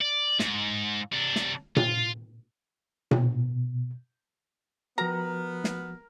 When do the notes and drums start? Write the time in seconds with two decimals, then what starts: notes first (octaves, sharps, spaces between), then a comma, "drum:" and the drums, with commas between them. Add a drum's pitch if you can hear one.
0.01 D5
0.39 G#2, drum: snare
1.12 C3 D4
1.36 drum: snare
1.77 F4, drum: tom A#2
3.11 B2, drum: tom A#2
4.98 F3 B3 F#4 A#4 A#5
5.64 drum: snare